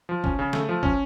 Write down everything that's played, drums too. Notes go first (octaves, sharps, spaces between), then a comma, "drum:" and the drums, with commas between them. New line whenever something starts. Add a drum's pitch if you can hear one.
F3
C#4, drum: kick
C#3
A3, drum: snare
F3
C#4, drum: kick